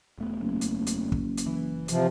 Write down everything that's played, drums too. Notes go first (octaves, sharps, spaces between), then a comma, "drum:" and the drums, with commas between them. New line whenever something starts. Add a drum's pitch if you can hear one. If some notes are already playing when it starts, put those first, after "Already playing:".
E1 A3 B3
F#1
drum: hi-hat
drum: hi-hat
drum: kick
drum: hi-hat
E3
C3 F3, drum: hi-hat